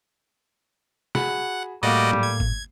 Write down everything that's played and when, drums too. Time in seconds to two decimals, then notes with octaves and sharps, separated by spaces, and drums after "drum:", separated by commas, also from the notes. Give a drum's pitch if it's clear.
1.15 F#4 G#4 F#5 B5, drum: snare
1.83 A2 G3 A3 A#3 F#4 D5 D#5 F5
2.13 drum: tom
2.23 G#6
2.40 drum: kick G1